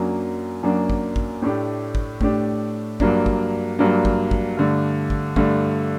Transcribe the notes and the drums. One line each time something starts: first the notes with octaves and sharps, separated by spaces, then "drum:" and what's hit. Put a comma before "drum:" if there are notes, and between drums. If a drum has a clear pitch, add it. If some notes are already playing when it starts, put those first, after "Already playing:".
Already playing: F#2 F#3 A#3 D4
F#2 F#3 A#3 D4
drum: kick
drum: kick
A2 A3 D4 G4
drum: kick
A2 A3 D4 G4, drum: kick
G2 F#3 A#3 D4, drum: kick
drum: kick
G2 F#3 A#3 D4
drum: kick
drum: kick
G2 D3 A3
drum: kick
G2 D3 A3, drum: kick